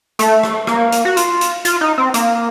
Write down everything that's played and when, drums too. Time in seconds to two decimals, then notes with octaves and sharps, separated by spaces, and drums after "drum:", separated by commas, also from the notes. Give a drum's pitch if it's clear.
0.19 A3, drum: hi-hat
0.43 drum: rim click
0.67 A#3, drum: rim click
0.92 drum: hi-hat
1.05 F#4
1.17 F4, drum: hi-hat
1.41 drum: hi-hat
1.65 F4, drum: hi-hat
1.81 D#4
1.98 C4
2.14 A#3, drum: hi-hat